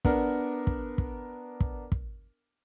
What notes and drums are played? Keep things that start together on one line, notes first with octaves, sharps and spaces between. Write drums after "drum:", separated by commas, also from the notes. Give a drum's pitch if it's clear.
B3 D4 A#4, drum: kick
drum: kick
drum: kick
drum: kick
drum: kick